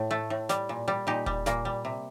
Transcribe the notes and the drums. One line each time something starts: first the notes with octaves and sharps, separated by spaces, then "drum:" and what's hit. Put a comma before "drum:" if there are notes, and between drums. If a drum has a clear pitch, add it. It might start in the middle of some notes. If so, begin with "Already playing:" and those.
Already playing: A2
A3
A2
G3, drum: snare
A#2
G3
A#2 D#4 G4
G3, drum: kick E1
A#2 A#3, drum: snare
G3
C3